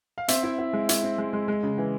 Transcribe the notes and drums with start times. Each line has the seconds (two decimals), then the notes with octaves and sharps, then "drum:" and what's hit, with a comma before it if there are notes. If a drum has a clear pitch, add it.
0.18 F5
0.28 C4 E5, drum: hi-hat
0.43 E4
0.59 E4
0.73 G#3
0.89 E4, drum: hi-hat
1.03 C4
1.18 G#3
1.33 G#3
1.48 G#3
1.63 C#3
1.78 E3